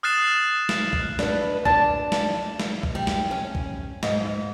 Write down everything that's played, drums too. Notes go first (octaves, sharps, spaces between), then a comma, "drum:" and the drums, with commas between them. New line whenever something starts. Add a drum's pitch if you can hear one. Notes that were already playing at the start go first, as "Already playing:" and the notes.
D#6 F6 F#6 A6 C7 E7
drum: snare
drum: kick C2
D4 B4, drum: snare
D4 A5, drum: kick C2
drum: snare
drum: snare
drum: kick C2
G3
drum: snare
C#4
drum: kick C2
G#2, drum: snare